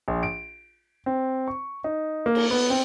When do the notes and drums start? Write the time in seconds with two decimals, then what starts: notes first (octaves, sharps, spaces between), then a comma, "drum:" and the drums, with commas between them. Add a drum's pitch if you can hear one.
0.08 A#1
0.23 D7
1.06 C4
1.48 C#6
1.84 D#4
2.26 A#3
2.35 drum: cymbal
2.51 B3
2.70 C4